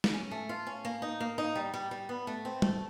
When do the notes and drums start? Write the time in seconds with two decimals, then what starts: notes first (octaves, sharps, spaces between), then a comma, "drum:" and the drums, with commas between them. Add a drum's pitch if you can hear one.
0.04 drum: snare
0.13 C#4
0.31 A3
0.49 F4
0.67 C#4
0.85 A#3
1.02 D#4
1.20 A#3
1.38 D#4
1.55 G3
1.74 G3
1.91 G3
2.09 B3
2.27 A3
2.45 C4
2.62 A3, drum: tom G3